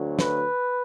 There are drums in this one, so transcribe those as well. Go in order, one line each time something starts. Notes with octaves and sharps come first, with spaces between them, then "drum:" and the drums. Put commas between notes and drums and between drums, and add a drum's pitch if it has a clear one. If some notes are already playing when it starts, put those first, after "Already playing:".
Already playing: D2 D3 F#3
B4, drum: snare